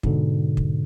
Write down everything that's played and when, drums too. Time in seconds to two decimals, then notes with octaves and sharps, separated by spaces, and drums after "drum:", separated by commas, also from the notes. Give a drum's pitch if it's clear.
0.03 G#2 B2 D3, drum: kick
0.57 drum: kick